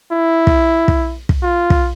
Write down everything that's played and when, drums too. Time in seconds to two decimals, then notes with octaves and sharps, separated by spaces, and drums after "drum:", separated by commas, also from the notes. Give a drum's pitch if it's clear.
0.12 E4
0.47 drum: kick
0.88 drum: kick
1.29 drum: kick
1.43 F4
1.70 drum: kick